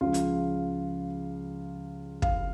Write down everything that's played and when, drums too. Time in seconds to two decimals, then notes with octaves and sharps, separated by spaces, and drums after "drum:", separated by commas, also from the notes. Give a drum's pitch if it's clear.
0.01 C#2 C#3 F3 F4
0.14 drum: hi-hat
2.22 F5, drum: kick